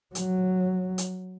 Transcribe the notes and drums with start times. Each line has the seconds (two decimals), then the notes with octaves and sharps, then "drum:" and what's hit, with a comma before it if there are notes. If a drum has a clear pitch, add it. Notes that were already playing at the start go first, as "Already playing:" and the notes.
0.15 F#3, drum: hi-hat
0.98 drum: hi-hat